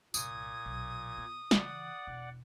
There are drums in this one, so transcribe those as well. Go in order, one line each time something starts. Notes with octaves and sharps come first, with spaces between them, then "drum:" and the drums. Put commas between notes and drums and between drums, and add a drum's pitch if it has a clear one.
C2 G2 A#2 D#6 G#6, drum: tambourine
B1
B3
C#3 E3 D5 F#5, drum: snare
E1